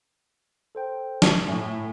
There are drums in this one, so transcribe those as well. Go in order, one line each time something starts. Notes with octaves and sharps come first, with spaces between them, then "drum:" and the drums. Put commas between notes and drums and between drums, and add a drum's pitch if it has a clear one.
A4 C5 G5
drum: snare
A2 G#5 C#6